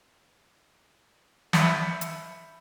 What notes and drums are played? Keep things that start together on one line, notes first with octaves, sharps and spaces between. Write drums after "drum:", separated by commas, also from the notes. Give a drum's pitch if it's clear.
E5 B5 G6 B6 C#7, drum: snare
drum: hi-hat